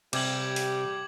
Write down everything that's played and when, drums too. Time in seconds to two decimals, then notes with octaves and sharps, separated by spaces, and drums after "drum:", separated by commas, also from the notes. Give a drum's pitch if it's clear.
0.13 C3 G3 G4 D6 G#6 F#7, drum: cymbal
0.56 drum: open hi-hat